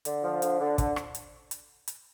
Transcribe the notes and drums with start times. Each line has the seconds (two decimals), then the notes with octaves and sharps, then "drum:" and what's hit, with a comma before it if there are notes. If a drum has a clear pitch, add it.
0.05 D3, drum: hi-hat
0.23 F3
0.42 D3, drum: hi-hat
0.60 D3
0.78 D3, drum: kick, hi-hat
0.96 drum: rim click
1.15 drum: hi-hat
1.51 drum: hi-hat
1.88 drum: hi-hat